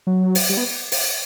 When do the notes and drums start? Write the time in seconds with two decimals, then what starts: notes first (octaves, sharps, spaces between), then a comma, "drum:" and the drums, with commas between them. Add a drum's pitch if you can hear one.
0.07 F#3
0.35 drum: open hi-hat
0.49 G3
0.57 B3
0.92 drum: open hi-hat